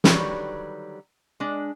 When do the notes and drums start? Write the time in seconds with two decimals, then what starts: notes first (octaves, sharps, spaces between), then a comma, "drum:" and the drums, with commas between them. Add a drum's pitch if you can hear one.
0.04 D3 D#3 F#3 G3 B4 C#5, drum: snare
1.40 G#3 D4